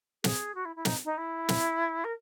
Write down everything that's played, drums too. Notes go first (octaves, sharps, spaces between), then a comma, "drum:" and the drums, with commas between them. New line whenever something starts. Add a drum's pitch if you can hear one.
G#4, drum: snare
F#4
E4
E4
D#4, drum: snare
D#4
E4
drum: snare
A#4